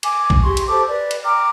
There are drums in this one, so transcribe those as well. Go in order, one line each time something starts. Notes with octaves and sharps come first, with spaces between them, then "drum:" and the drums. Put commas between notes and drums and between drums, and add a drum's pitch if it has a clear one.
G#5 D6 G#6, drum: cymbal
drum: kick
G4 G#4 C6 C#6
drum: cymbal
G4 A4 C5 D6
B4 D5
drum: cymbal
G5 A#5 D6 F6